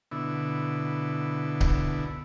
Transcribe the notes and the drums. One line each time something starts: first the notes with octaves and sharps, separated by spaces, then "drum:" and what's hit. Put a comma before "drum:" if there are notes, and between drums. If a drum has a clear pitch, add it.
B2 D3 E4
drum: kick C#1